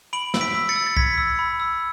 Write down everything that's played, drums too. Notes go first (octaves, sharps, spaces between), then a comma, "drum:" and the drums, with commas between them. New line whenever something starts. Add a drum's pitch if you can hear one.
B5 D7 F#7
E6, drum: snare
B6 D7
E6
A6 C#7
E6
A6
B5 G#6 B6, drum: kick
E6
B5
E6